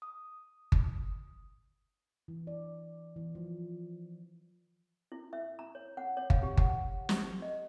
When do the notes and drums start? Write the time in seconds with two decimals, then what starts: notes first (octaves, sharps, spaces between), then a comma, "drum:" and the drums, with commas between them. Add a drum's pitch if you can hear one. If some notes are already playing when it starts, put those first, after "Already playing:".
0.02 D#6
0.72 drum: kick G1
2.28 E3
2.47 D5
3.16 E3
3.35 F3
5.12 E4
5.33 E5
5.59 A#5
5.75 C#5
5.97 F#5
6.17 C#5
6.30 F5, drum: kick G1
6.43 G4
6.57 F#5, drum: kick G1
7.09 G4, drum: snare
7.42 D#5